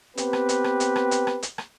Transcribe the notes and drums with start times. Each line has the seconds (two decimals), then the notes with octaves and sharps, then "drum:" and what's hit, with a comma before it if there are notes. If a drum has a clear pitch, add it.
0.17 B3 C4 G4 B4, drum: hi-hat
0.33 drum: rim click
0.49 drum: hi-hat
0.64 drum: rim click
0.80 drum: hi-hat
0.96 drum: rim click
1.11 drum: hi-hat
1.27 drum: rim click
1.42 drum: hi-hat
1.58 drum: rim click